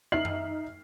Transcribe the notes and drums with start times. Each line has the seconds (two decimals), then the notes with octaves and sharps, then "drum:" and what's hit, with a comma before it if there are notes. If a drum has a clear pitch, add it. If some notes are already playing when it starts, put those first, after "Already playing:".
0.12 D#4 E5 F6 C7 F#7
0.25 drum: tom F#2